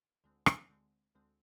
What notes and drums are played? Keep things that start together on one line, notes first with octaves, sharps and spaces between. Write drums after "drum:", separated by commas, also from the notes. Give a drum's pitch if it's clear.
D2 D3 G#3 C4
drum: rim click
D2 D3 G#3 C4
D2 D3 G#3 C4